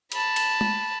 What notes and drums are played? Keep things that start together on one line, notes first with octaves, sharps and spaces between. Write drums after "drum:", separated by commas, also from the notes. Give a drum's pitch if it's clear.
A5 B5, drum: cymbal
drum: cymbal
drum: tom G#3